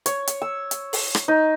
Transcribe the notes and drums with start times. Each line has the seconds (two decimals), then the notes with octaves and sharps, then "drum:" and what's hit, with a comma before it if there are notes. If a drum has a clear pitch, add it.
0.06 C#5, drum: hi-hat
0.27 drum: hi-hat
0.42 E6
0.71 drum: hi-hat
0.93 drum: open hi-hat
1.15 drum: rim click
1.28 D#4